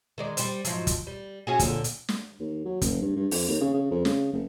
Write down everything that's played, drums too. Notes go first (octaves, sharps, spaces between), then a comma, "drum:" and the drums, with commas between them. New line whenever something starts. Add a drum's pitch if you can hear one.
D#3 G#3 D5
G3 C5, drum: hi-hat
G#2 F3 F#3, drum: hi-hat
drum: kick, hi-hat
G3
C#4 F#4 G#4
A#2 D3, drum: kick, hi-hat
drum: hi-hat
drum: snare
D#2
F#3
F#1, drum: kick, hi-hat
G2
G2
F2, drum: open hi-hat
D#2
C#3
C#3
F2
C#3, drum: snare
F#1